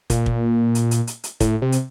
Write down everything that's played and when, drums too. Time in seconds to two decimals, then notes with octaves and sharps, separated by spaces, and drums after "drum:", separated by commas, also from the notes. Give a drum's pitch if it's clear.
0.10 A#2, drum: kick, hi-hat
0.26 drum: kick
0.75 drum: hi-hat
0.91 drum: hi-hat
1.07 drum: hi-hat
1.24 drum: hi-hat
1.40 A2, drum: kick, hi-hat
1.62 C3
1.72 drum: hi-hat